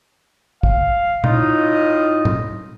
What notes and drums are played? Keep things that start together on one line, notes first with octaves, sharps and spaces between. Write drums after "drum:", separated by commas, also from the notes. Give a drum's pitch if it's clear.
F5, drum: kick
A2 D#4 F4 D#5, drum: tom A#2
drum: tom A2